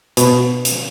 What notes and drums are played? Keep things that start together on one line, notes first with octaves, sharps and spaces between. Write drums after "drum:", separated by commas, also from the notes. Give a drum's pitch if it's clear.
B2, drum: hi-hat
drum: hi-hat